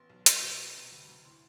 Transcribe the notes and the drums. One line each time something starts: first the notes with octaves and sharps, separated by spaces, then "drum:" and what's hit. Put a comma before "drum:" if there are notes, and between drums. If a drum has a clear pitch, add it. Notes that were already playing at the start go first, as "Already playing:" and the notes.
Already playing: A1 B3 C6
B1
B1 C6, drum: hi-hat
B2
B3 B5
C3
D2 B5
D2
A2 C6